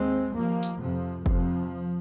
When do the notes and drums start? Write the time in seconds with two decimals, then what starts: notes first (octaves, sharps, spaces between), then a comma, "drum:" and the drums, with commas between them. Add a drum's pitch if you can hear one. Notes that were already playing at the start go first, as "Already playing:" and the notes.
Already playing: D#2 G#3 C4
0.34 D#2 F3 A#3
0.63 drum: hi-hat
0.80 F2 C3 F3
1.26 F2 C3 F3, drum: kick